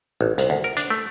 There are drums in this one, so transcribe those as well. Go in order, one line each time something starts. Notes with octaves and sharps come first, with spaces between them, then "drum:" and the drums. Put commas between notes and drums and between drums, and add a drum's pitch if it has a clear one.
A1
C2, drum: hi-hat
D2
A#4
D4, drum: hi-hat
A3